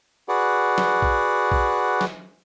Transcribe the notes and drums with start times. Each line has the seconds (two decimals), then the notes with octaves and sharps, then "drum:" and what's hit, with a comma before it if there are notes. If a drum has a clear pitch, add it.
0.29 F#4 G#4 B4 D5 F#5
0.78 drum: snare
1.02 drum: kick A#1
1.52 drum: kick A#1
2.01 drum: snare